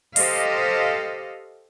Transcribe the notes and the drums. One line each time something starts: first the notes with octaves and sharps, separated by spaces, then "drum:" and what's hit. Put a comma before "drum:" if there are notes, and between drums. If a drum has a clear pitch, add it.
G4 A4 C5 D#5 F5, drum: open hi-hat